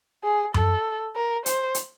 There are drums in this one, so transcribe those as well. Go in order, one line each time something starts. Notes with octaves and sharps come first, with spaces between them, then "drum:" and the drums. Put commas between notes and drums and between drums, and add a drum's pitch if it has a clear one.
G#4
A4, drum: tom F#2
A#4
C5, drum: hi-hat
drum: hi-hat